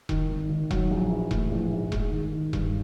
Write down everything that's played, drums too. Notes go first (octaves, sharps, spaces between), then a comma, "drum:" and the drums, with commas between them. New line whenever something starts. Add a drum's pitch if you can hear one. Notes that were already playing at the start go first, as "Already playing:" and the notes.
D#3, drum: kick E1
G#1
D#3
F#3, drum: kick E1
A#1
E3
A2, drum: kick E1
A#1
G#2
G#3, drum: kick E1
D#3
D#3
G2, drum: kick E1